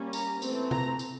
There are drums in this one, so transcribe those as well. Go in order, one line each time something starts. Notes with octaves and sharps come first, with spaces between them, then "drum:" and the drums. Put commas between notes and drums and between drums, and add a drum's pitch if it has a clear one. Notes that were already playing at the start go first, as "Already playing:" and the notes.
Already playing: G3 A#3 C#4
A#5, drum: tambourine
E3 A3 C4, drum: tambourine
A#5, drum: tom C3
drum: tambourine